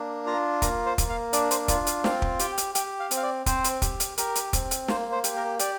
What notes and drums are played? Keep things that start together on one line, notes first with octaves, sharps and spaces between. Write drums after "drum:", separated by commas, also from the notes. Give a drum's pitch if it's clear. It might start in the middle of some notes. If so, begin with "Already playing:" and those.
Already playing: A#3 D4
F4 A#5
A#3 A#5, drum: kick, hi-hat
C5
A#3, drum: kick, hi-hat
F5
D4 D5, drum: hi-hat
C5, drum: hi-hat
F4 D5, drum: kick, hi-hat
F5, drum: hi-hat
C4 F5, drum: snare
drum: kick
G4 G5, drum: hi-hat
drum: hi-hat
G4 G5, drum: hi-hat
F5
C4, drum: hi-hat
F5
D5
C4 C5, drum: kick, hi-hat
drum: hi-hat
G4, drum: kick, hi-hat
drum: hi-hat
G4 A#4, drum: hi-hat
drum: hi-hat
C4, drum: kick, hi-hat
drum: hi-hat
A#3 C5, drum: snare
C5
G4, drum: hi-hat
A#4
G4 D5, drum: hi-hat